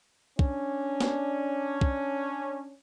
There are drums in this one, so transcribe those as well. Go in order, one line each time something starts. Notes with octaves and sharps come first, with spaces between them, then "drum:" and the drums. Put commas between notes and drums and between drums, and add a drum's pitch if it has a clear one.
C#4 D4, drum: kick
drum: snare
drum: kick